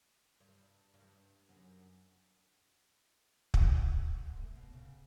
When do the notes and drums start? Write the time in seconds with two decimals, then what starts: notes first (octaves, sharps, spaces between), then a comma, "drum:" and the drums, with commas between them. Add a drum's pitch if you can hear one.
0.40 G2
0.94 G2
1.49 F#2
3.54 drum: kick
4.18 G#2
4.37 A2
4.55 B2
4.73 C#3